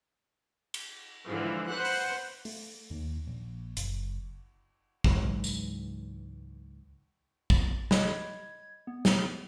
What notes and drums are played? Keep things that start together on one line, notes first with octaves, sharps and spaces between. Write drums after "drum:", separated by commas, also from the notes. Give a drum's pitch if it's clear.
drum: cymbal
G#2 D3 E3 F3
B4 C5 F#5 F#6
drum: open hi-hat
A3, drum: open hi-hat
D#2
A#1
F#1, drum: hi-hat
C#2 G#2 E3 F#3, drum: kick
drum: tambourine
A6, drum: kick
C#5 D#5 B5 G#6, drum: snare
B3
drum: snare